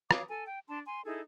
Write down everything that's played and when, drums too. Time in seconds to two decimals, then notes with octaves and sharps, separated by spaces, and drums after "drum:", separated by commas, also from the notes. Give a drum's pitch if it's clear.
0.11 C#5 F5 D6 D#6, drum: rim click
0.28 A4 G#5
0.46 G5
0.68 D4 A5 C6
0.86 G#5 C6
1.05 D#4 E4 G#4 A4